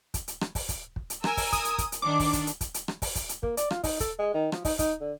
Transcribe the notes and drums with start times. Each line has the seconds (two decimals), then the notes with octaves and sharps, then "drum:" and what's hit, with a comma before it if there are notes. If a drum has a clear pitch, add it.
0.14 drum: kick, hi-hat
0.28 drum: hi-hat
0.41 drum: rim click
0.55 drum: kick, open hi-hat
0.69 drum: kick, hi-hat
0.96 drum: kick
1.10 drum: hi-hat
1.24 A#4 G#5 E6, drum: rim click
1.37 drum: kick, open hi-hat
1.53 D#6, drum: kick, hi-hat
1.65 drum: hi-hat
1.78 drum: kick, hi-hat
1.92 drum: hi-hat
2.02 D#3 D4 D6
2.20 drum: kick, open hi-hat
2.33 drum: kick, hi-hat
2.47 drum: hi-hat
2.61 drum: kick, hi-hat
2.74 drum: hi-hat
2.88 drum: rim click
3.02 drum: kick, open hi-hat
3.15 drum: kick, hi-hat
3.29 drum: hi-hat
3.43 A#3, drum: kick
3.57 D5, drum: hi-hat
3.71 F4, drum: rim click
3.84 D#4, drum: kick, open hi-hat
4.00 A4, drum: kick, hi-hat
4.19 G#3
4.34 D#3
4.52 F3, drum: rim click
4.65 D#4, drum: kick, open hi-hat
4.79 D#4, drum: kick, hi-hat
5.01 D3